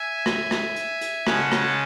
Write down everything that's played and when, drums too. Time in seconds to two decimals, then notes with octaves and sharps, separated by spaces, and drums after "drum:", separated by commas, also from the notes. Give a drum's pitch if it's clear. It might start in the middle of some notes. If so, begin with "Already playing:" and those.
Already playing: E5 G#5
0.26 drum: rim click
0.51 drum: rim click
0.76 drum: hi-hat
1.01 drum: hi-hat
1.27 C#3 G#3 C#4 F#5 A5, drum: rim click
1.52 drum: rim click